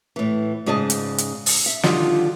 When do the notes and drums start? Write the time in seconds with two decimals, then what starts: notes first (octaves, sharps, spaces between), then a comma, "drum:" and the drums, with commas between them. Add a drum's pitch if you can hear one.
0.16 A2 E3
0.66 G#2 C#3 G#4 D5 D#5 A5
0.90 drum: hi-hat
1.18 drum: hi-hat
1.46 drum: open hi-hat
1.66 E5
1.83 D3 D#3 F3 G3 F4 F#4, drum: snare